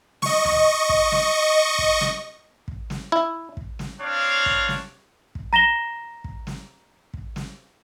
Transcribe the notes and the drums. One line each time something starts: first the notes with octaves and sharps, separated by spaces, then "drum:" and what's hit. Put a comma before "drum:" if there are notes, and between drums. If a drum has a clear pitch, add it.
D#5 C#6, drum: snare
drum: tom D2
drum: kick
drum: snare
drum: kick
drum: snare
drum: kick
drum: snare
E4
drum: kick
drum: snare
C4 D4 C#5 F5
drum: kick
drum: snare
drum: kick
A#5 A#6 E7 G7
drum: kick
drum: snare
drum: kick
drum: snare